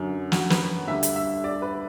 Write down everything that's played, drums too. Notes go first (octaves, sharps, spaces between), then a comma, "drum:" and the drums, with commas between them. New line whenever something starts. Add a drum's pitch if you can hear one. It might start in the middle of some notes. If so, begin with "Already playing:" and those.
Already playing: F#2 D3 F#3
F#4, drum: snare
B4, drum: snare
D2 D3 G3 E5
drum: hi-hat
E5
D5
B4